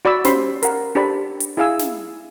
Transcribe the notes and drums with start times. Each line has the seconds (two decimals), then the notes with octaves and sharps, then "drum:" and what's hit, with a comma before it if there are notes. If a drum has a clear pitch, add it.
0.05 F#4 D5 B5 D6 E6
0.24 C#4 G4 C5 B5 C6, drum: snare
0.63 A#4 F#5, drum: hi-hat
0.95 D4 G4 A4 C5 D5 B5
1.40 drum: hi-hat
1.57 E4 G#4 E5 F5 G#5 E6
1.79 drum: snare